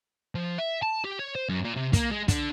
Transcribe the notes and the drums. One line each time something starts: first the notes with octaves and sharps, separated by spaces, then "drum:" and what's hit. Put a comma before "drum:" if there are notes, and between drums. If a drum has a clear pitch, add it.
F3
E5
A5
G4
C#5
C5
F#2
A#2
C3
A#3, drum: kick, hi-hat
G#3
D3, drum: kick, hi-hat